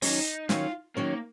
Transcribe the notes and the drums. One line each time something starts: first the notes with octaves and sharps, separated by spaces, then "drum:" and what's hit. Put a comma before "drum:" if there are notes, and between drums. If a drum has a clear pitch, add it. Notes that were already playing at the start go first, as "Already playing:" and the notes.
D#3 F#3 C#4 D#4, drum: open hi-hat
D#3 F#3 C#4 F4, drum: snare
D#3 F#3 A#3 C#4